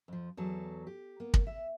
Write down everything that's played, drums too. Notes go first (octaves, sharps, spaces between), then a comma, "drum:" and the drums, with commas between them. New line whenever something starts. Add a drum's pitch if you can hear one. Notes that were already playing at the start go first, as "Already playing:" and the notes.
F2 F3
E2 F#3 A4
G4
A#3 B3
drum: kick
E5